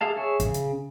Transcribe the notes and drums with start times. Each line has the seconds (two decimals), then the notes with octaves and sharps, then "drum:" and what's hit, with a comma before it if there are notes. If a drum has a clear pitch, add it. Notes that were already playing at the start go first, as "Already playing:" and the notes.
0.01 G#4 A4 E5 F5 A5
0.17 G#4 C#5 E5
0.40 C#3, drum: kick, hi-hat
0.54 drum: hi-hat